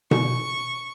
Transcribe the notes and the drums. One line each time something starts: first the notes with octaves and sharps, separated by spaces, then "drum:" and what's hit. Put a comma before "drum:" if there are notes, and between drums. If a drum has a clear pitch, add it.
C#6, drum: tom B2